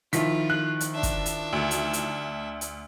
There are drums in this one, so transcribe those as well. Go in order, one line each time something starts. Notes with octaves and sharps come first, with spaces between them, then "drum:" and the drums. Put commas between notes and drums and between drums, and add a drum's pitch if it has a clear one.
D#3 F3 E4 F4 B6, drum: hi-hat
F#6
drum: hi-hat
D4 E5
drum: kick, hi-hat
drum: hi-hat
D2
drum: hi-hat
drum: hi-hat
drum: hi-hat